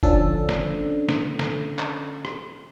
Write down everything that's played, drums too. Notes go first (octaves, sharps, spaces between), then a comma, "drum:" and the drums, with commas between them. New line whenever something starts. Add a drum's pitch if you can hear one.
D3 F3 C#4 D4 A4, drum: kick F1
drum: snare
drum: snare
drum: snare
drum: clap
drum: rim click